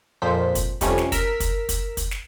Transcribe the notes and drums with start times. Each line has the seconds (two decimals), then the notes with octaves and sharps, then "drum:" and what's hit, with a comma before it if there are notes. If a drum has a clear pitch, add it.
0.22 F2 A#2 F3 C5 B6
0.55 drum: kick, hi-hat
0.81 F2 C3 G3 A3 C#4, drum: kick, hi-hat
0.98 drum: snare
1.12 A#4 E6 B6, drum: kick, hi-hat
1.40 drum: kick, hi-hat
1.69 drum: kick, hi-hat
1.97 drum: kick, hi-hat
2.11 drum: snare